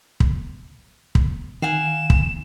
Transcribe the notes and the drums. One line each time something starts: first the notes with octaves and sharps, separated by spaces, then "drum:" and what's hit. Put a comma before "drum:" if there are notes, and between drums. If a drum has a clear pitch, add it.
drum: kick
drum: kick
D#3 F5 F#5 G#5 E7
drum: kick